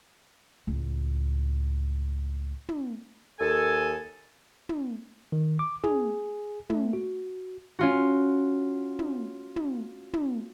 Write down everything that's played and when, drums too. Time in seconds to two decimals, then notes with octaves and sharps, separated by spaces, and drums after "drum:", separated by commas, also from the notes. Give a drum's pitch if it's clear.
0.67 C#2 A2
2.69 drum: tom
3.39 D#2 A4 G#5
4.69 drum: tom
5.32 D#3
5.59 D6
5.84 G#4, drum: tom
6.70 A3, drum: tom
6.93 F#4
7.79 C#4 F4 F#4
8.99 drum: tom
9.56 drum: tom
10.13 drum: tom